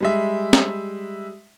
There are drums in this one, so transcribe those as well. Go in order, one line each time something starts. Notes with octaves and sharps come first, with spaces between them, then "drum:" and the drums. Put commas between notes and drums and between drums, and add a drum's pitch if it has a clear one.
G3 G#3 E5
drum: snare